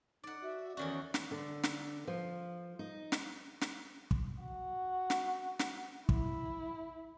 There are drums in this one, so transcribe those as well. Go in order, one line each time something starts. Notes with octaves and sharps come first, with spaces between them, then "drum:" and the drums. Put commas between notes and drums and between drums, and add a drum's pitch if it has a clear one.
D#4 D5 F#5
F#4 E5
E2 D#3 C#4 F#4 D5
drum: snare
D3
drum: snare
F3
D#4
drum: snare
drum: snare
drum: kick
F#4
drum: snare
drum: snare
E4, drum: kick